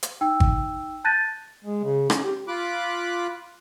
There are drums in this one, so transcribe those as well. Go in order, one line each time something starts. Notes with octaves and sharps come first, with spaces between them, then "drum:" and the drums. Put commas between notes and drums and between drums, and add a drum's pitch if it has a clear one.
drum: hi-hat
D#4 G5 E6
drum: kick G#1
A5 F#6 G6 A6 A#6 D#7
G#3
C#3
C#4, drum: rim click
G4
F4 B5 D6 F#6